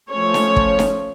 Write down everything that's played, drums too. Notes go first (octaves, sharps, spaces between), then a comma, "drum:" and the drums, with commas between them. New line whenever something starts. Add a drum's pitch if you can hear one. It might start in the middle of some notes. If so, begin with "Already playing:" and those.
F3 A3 C#4 C#5
drum: snare
drum: kick
drum: snare